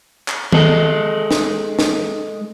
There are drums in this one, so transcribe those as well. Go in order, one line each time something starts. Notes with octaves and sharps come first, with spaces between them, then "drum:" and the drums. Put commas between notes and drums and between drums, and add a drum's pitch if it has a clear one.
drum: clap
G#3 A4, drum: tom D#3
drum: snare
drum: snare